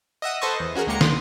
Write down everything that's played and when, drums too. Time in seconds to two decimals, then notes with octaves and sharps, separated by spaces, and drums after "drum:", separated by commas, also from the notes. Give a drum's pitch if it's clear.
0.22 D#5 E5 F#5 D#6
0.42 A4 B4 C5 D#5 A5 C#6
0.60 E2
0.75 C#4 F#4 G#4 A#4
0.87 D2 G#3 A#3 G4 A#5 C#7
1.01 D5 C6 D#6, drum: snare